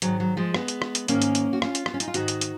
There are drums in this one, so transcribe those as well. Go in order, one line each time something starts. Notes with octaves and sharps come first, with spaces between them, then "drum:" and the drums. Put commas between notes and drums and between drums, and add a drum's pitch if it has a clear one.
G#2 D#3 F#3, drum: hi-hat
F#3
F3 G#3
G#3 B3, drum: rim click
drum: hi-hat
drum: rim click
drum: hi-hat
G#2 D#3 A#3 C#4, drum: hi-hat
drum: hi-hat
drum: hi-hat
F#4
C#4 F4, drum: rim click
drum: hi-hat
B3, drum: rim click
C#4
D#4, drum: hi-hat
F4
G#2 D#3 D#4 F#4, drum: hi-hat
drum: hi-hat
drum: hi-hat